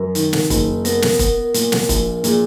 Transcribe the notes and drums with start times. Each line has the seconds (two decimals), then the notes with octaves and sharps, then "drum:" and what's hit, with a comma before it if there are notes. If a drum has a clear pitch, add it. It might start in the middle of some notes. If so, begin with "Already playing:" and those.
Already playing: F#2 A#4
0.15 D#3, drum: hi-hat
0.33 drum: snare
0.50 F#1, drum: kick, hi-hat
0.85 B3 A#4, drum: hi-hat
1.02 drum: snare
1.19 B3, drum: kick, hi-hat
1.54 A#2, drum: hi-hat
1.72 drum: snare
1.89 A#1, drum: kick, hi-hat
2.24 A#2 G#4, drum: hi-hat